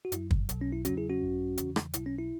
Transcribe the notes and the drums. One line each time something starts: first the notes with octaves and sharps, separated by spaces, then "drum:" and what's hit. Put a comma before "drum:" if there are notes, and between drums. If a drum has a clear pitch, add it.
F#4
F#2 F#3 E4, drum: hi-hat
drum: kick
B1 B2 F#3, drum: hi-hat
C#4
E4
E2 C#3 F#3 C#4 F#4, drum: hi-hat
E4 G#4
C#4 F#4
G#1 F#2 F#3
E2 C#3 E3, drum: hi-hat
drum: rim click
B1 B2 F#3 E4, drum: hi-hat
C#4
E4